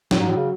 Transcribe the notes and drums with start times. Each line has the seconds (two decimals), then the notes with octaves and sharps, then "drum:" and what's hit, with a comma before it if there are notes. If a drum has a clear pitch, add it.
0.11 A2 F#3, drum: snare
0.20 G#2
0.28 A2 F#3
0.37 C#3